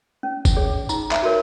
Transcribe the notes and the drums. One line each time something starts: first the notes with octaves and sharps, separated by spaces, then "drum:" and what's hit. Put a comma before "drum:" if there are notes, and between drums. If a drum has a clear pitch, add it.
C#4
drum: kick G1, tambourine
G#4 C#5
D#4 A#5, drum: tambourine
E5, drum: clap
F#4 A#4 C#5